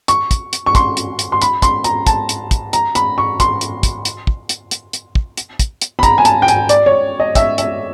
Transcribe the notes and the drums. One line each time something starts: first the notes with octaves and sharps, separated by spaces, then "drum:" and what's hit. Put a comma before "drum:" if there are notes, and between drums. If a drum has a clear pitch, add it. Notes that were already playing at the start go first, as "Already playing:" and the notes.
C#6, drum: hi-hat
drum: kick, hi-hat
drum: hi-hat
C#6
C6, drum: kick, hi-hat
drum: hi-hat
drum: hi-hat
C6
B5, drum: hi-hat
C6, drum: kick, hi-hat
A#5, drum: hi-hat
A5, drum: kick, hi-hat
drum: hi-hat
drum: kick, hi-hat
A#5, drum: hi-hat
B5, drum: hi-hat
C#6
C6, drum: kick, hi-hat
drum: hi-hat
drum: kick, hi-hat
drum: hi-hat
drum: kick
drum: hi-hat
drum: hi-hat
drum: hi-hat
drum: kick
drum: hi-hat
drum: kick, hi-hat
drum: hi-hat
B5
A#5, drum: kick, hi-hat
G#5
A5, drum: hi-hat
G5
G#5, drum: hi-hat
D5, drum: hi-hat
C#5
D#5
E5, drum: kick, hi-hat
E5, drum: hi-hat